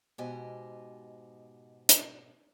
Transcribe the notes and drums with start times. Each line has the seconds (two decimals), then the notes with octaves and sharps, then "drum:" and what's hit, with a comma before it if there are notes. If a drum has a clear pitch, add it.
0.18 G#2 B2 G4 C5 D#5 G#5
1.89 drum: hi-hat